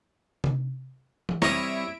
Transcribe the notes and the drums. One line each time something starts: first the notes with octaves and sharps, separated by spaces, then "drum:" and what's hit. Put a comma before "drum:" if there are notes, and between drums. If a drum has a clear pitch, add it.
drum: tom C3
drum: tom E3
G3 C4 E4 C#5 E5 A#5 D#6 D7, drum: snare